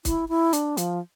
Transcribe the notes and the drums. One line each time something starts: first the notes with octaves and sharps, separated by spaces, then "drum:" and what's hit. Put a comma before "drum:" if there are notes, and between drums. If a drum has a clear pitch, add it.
E4, drum: kick, hi-hat
E4
D4, drum: hi-hat
F3, drum: hi-hat